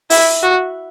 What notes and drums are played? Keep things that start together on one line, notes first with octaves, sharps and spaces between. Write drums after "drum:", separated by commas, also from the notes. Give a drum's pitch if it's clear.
E4, drum: open hi-hat
F#4